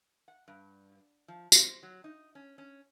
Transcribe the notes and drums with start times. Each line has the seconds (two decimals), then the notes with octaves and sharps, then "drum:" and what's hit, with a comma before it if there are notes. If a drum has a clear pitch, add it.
0.28 F#5
0.48 G2
1.28 F3
1.52 C5, drum: tambourine
1.83 F#3
2.04 D#4
2.35 C#4
2.58 C#4